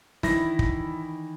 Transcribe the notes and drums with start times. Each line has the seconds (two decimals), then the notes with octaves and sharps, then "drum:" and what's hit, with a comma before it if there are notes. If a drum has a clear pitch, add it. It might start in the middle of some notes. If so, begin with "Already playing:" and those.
0.23 D#3 E3 D4 E4 A#6, drum: snare
0.59 drum: kick